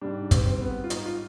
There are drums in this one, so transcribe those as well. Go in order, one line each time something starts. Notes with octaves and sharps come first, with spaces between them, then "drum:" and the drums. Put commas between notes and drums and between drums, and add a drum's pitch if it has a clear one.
G#2 G3 D4
C4, drum: kick, hi-hat
C4
B3
F4
D#4, drum: hi-hat
F4